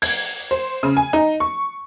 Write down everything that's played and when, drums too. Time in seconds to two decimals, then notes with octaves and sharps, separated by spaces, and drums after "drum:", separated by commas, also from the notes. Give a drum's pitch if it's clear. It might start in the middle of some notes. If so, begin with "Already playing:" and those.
0.02 G#6, drum: open hi-hat
0.51 C5
0.83 C#3
0.97 G#5
1.13 D#4
1.40 C#6